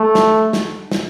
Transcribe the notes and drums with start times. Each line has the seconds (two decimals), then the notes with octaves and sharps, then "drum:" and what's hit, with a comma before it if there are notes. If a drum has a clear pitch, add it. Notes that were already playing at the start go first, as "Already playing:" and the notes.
Already playing: A3
0.15 drum: snare
0.53 drum: snare
0.92 drum: snare